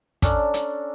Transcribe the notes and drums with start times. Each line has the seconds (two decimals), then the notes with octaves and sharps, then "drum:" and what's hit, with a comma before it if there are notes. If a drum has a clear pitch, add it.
0.22 C#4 D4 A4 A#5, drum: kick, hi-hat
0.54 drum: hi-hat